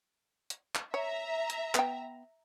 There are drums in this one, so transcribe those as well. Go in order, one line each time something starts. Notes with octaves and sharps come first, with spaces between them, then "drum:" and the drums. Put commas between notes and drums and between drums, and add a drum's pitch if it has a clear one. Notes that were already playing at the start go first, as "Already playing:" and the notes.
drum: hi-hat
drum: clap
C#5 E5 A#5
drum: hi-hat
B3 G5, drum: clap